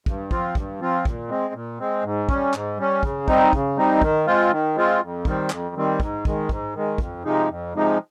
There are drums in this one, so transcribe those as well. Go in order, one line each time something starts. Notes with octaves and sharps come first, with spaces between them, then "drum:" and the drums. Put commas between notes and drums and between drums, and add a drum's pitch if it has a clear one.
G2, drum: kick
F3 C4 F4, drum: kick
G2, drum: kick
F3 C4 F4
A#2, drum: kick
G#3 C4
A#2
G#3 C4
G#2
G3 C#4, drum: kick
G#2, drum: clap
G3 C#4
C#3, drum: kick
G3 C4 D#4, drum: kick
C#3, drum: kick
G3 C4 D#4
D#3, drum: kick
G#3 C4 F4
D#3
G#3 C4 F4
F2
D#3 G3 C4, drum: kick
F2, drum: clap
D#3 G3 C4
G#2, drum: kick
D#3 G#3, drum: kick
G#2, drum: kick
D#3 G#3
F2, drum: kick
C3 F3 G#3 D#4
F2
C3 F3 G#3 D#4